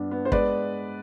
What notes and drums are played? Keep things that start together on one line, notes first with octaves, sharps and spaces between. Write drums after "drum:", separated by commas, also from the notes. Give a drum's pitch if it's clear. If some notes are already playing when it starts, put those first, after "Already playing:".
Already playing: G2 B3 D4
B3
C5
G#3 B4 D5, drum: kick